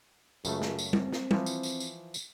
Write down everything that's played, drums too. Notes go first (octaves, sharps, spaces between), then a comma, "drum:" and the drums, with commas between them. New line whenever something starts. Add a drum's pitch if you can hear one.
C#2 F#2 C#3 A3, drum: tambourine
drum: snare
drum: tambourine
C4, drum: tom
drum: snare
E3 F3, drum: tom
drum: tambourine
drum: tambourine
drum: tambourine
drum: tambourine